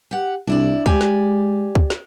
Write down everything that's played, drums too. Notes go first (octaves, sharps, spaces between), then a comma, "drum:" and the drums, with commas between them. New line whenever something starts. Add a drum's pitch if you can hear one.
G4 F#5
C2 D4 E4 D5
G#3 G4 D5 G#5, drum: kick C#2
drum: snare
drum: kick C#2
drum: snare